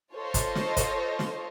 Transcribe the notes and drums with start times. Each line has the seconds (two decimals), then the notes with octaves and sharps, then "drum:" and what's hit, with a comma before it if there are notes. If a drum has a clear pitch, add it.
0.13 F4 A4 C5 C#5 D#5
0.34 drum: kick, hi-hat
0.55 drum: snare
0.77 drum: kick, hi-hat
1.19 drum: snare